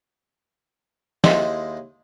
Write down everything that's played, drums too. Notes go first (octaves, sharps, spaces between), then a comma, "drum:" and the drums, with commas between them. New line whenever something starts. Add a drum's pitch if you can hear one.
D#2 D#3 G#3 E4 C5 D#6, drum: snare